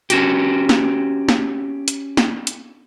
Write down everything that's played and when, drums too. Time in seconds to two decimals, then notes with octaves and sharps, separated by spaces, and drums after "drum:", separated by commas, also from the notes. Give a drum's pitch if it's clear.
0.10 C#4 F#4 G4, drum: hi-hat
0.69 drum: snare
1.28 drum: snare
1.88 drum: hi-hat
2.17 drum: snare
2.47 drum: hi-hat